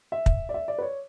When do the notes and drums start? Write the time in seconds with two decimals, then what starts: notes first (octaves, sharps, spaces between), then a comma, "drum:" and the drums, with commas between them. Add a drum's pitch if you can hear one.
0.12 E5
0.26 drum: kick
0.49 D5
0.54 E5
0.68 D5
0.78 B4
0.82 C#5